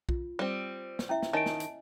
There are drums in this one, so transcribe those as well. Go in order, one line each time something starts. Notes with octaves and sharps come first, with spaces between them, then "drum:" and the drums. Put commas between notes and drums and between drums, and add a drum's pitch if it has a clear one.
F4, drum: kick B1
G3 C4
drum: snare
C#4 E4 E5
drum: snare
D#3 C#5 D#5 G#5 A5 D7
drum: snare
drum: hi-hat